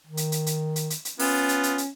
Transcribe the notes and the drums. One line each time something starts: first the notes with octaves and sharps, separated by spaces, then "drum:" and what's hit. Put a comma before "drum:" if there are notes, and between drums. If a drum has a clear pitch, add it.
D#3
drum: hi-hat
drum: hi-hat
drum: hi-hat
drum: hi-hat
drum: hi-hat
drum: hi-hat
B3 C#4 F4, drum: open hi-hat
drum: hi-hat
drum: hi-hat
drum: hi-hat